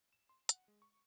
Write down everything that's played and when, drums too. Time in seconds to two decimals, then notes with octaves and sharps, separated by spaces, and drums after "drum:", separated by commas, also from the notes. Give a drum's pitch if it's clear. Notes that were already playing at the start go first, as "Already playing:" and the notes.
0.13 E7
0.29 C6
0.49 F#5, drum: hi-hat
0.68 G#3
0.82 C#6